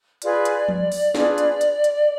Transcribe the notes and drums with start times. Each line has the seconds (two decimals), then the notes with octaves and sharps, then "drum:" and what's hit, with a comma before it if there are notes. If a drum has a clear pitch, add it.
0.22 F4 G#4 B4 D5, drum: hi-hat
0.45 drum: hi-hat
0.68 drum: tom F3
0.92 drum: open hi-hat
1.15 D4 F4 G#4 B4, drum: snare
1.38 drum: hi-hat
1.61 drum: hi-hat
1.84 drum: hi-hat